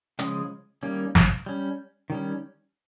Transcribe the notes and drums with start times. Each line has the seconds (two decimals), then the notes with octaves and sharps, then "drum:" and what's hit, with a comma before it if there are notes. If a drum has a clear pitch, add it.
0.19 C#3 F3 G#3 C#4, drum: hi-hat
0.83 D#3 G3 A#3 C#4
1.15 drum: snare
1.46 G3 C#4
2.10 D#3 G3 C#4